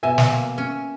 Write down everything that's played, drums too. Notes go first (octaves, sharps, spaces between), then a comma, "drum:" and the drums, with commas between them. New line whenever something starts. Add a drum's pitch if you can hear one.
B2 E5 G#5
drum: snare
A#3
C#4